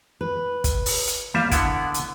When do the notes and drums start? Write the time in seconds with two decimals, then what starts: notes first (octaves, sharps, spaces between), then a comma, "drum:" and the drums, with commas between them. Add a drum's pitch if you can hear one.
0.21 B4
0.64 drum: kick, hi-hat
0.86 drum: open hi-hat
1.07 drum: hi-hat
1.34 G3 A#3 E5 F5
1.51 D3 B3 E4 F#5, drum: kick, hi-hat
1.94 drum: hi-hat